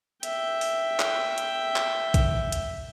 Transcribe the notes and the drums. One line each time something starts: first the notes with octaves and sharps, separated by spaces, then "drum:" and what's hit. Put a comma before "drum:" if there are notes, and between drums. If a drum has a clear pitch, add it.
E5 G5, drum: hi-hat
drum: open hi-hat
drum: clap
drum: hi-hat
drum: clap
drum: kick, hi-hat
drum: hi-hat